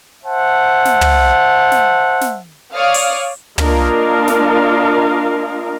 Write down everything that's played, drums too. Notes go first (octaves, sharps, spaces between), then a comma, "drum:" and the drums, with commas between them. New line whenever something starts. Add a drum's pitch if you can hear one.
C5 E5 F#5 A5
drum: snare
drum: tom
drum: snare
drum: snare
C#5 D5 F5 D#6 F6
drum: open hi-hat
A#3 D4 F4 A#4 D#5 F5, drum: tom
drum: snare